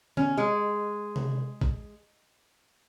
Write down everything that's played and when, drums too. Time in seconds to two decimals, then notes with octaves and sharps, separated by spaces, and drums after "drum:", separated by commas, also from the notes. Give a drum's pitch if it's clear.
0.17 C#4, drum: tom D3
0.37 G#3
1.16 drum: tom C3
1.61 drum: kick